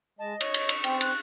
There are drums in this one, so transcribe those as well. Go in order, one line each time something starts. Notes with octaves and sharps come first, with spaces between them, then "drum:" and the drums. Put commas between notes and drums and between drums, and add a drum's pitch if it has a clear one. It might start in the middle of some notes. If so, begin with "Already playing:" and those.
G#3 D#5 A5
C#5 C#6, drum: cymbal
drum: cymbal
drum: cymbal
C4 C5 G5, drum: cymbal
F#6, drum: cymbal